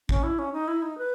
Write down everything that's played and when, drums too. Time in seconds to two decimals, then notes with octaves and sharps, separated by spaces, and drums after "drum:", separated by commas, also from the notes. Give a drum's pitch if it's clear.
0.09 C#4, drum: kick
0.23 E4
0.39 C#4
0.53 D#4
0.68 E4
0.82 D#4
0.98 B4